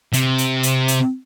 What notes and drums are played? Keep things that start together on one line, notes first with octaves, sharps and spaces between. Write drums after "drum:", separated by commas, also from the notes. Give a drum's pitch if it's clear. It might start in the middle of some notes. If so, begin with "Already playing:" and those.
C3, drum: hi-hat
drum: hi-hat
drum: hi-hat
drum: hi-hat